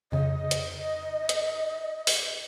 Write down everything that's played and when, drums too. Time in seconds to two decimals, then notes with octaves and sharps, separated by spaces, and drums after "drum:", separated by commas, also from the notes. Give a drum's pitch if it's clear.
0.12 F2 C#3 D#5
0.51 drum: hi-hat
1.29 drum: hi-hat
2.07 drum: open hi-hat